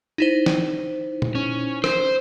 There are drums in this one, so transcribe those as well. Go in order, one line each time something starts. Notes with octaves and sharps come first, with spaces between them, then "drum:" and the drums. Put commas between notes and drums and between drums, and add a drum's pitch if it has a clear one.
D#4 E4 C5
drum: snare
drum: tom A#2
C#4
C5, drum: rim click